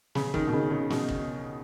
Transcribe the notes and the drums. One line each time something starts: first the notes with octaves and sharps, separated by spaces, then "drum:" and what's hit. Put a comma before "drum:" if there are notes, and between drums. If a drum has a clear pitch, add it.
C#3, drum: snare
D#3, drum: kick
B2
C#3
C#3
B2, drum: snare
drum: kick